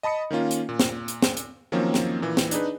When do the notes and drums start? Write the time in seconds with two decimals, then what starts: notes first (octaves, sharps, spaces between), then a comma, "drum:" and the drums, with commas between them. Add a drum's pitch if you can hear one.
0.03 D#5 A5 B5 D#6 C#7
0.31 D#3 A#3 C#4 F4
0.51 drum: hi-hat
0.69 A#2
0.79 drum: snare
1.08 drum: hi-hat
1.22 drum: snare
1.37 drum: hi-hat
1.72 D#3 F3 F#3 A#3 C4 C#4
1.94 drum: snare
2.22 A#2 E3
2.37 drum: snare
2.51 D4 D#4 G#4 B4, drum: hi-hat